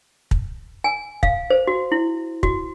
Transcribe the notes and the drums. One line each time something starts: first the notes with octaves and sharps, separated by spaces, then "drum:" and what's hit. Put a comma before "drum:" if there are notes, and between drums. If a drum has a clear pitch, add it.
drum: kick
G#5
F5, drum: kick
C5
F#4
E4
F#4, drum: kick